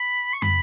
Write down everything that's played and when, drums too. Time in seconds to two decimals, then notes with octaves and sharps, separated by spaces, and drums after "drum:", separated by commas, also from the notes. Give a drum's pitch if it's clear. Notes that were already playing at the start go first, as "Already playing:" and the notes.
Already playing: B5
0.33 C#6
0.42 B5, drum: tom